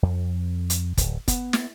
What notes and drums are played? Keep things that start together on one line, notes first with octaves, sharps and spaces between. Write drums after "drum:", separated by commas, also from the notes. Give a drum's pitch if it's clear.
F2
drum: hi-hat
D1, drum: kick, hi-hat
B3, drum: kick, hi-hat
drum: snare